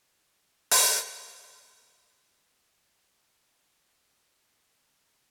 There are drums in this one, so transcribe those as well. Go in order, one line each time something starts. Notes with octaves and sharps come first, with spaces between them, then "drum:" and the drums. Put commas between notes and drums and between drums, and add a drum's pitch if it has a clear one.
B4 E6 F6
drum: open hi-hat
F#4
C#5
B3